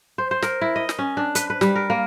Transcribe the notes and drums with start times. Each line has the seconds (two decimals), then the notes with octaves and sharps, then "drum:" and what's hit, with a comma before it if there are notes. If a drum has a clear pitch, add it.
0.18 C5
0.31 C5
0.42 A#4, drum: snare
0.61 E4
0.76 D#5
0.89 drum: snare
0.99 C#4
1.17 D4
1.35 B4, drum: hi-hat
1.50 B4
1.61 G3, drum: snare
1.76 A#4
1.90 A#3